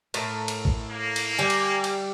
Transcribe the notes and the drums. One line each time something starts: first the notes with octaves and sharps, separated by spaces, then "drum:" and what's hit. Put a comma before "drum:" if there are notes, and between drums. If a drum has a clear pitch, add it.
A2 A#4, drum: cymbal
drum: cymbal
drum: kick
A#3
drum: cymbal
G3 G#5
drum: cymbal
drum: cymbal